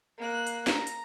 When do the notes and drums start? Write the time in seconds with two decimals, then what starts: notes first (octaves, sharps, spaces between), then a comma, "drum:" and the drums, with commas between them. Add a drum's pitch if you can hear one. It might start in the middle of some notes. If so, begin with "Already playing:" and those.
0.18 A#3 F#6
0.47 drum: hi-hat
0.67 A#5, drum: snare
0.87 drum: hi-hat